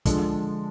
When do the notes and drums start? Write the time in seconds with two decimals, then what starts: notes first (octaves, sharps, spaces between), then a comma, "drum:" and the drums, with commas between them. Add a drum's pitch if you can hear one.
0.05 D3 F3 G#3 D4 A4, drum: kick, hi-hat